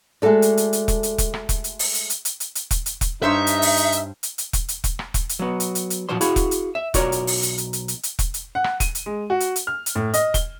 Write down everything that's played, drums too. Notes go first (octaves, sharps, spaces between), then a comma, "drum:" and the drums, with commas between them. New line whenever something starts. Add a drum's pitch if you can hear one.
G#3 A3 F#4 A4 D5
drum: hi-hat
drum: hi-hat
drum: hi-hat
drum: kick E1, hi-hat
drum: hi-hat
drum: kick E1, hi-hat
drum: rim click
drum: kick E1, hi-hat
drum: hi-hat
drum: open hi-hat
drum: hi-hat
drum: hi-hat
drum: hi-hat
drum: hi-hat
drum: hi-hat
drum: kick E1, hi-hat
drum: hi-hat
drum: kick E1, hi-hat
G2 D#4 C5 C#5 E5
drum: hi-hat
drum: open hi-hat
drum: hi-hat
drum: hi-hat
drum: hi-hat
drum: hi-hat
drum: kick E1, hi-hat
drum: hi-hat
drum: kick E1, hi-hat
drum: rim click
drum: kick E1, hi-hat
drum: hi-hat
F#3 B3
drum: hi-hat
drum: hi-hat
drum: hi-hat
A#2 F3 F#3 C5 C6
E4 F#4 G#4 F5, drum: hi-hat
drum: kick E1, hi-hat
drum: hi-hat
E5
B1 F4 F#4 A#4 C#5 D5, drum: kick E1, hi-hat
drum: hi-hat
drum: open hi-hat
drum: hi-hat
drum: hi-hat
drum: hi-hat
drum: hi-hat
drum: hi-hat
drum: kick E1, hi-hat
drum: hi-hat
F#5
drum: rim click
D#7, drum: kick E1, hi-hat
drum: hi-hat
G#3
F#4
drum: hi-hat
drum: hi-hat
F6
drum: hi-hat
A2
D#5, drum: hi-hat
G7, drum: kick E1, hi-hat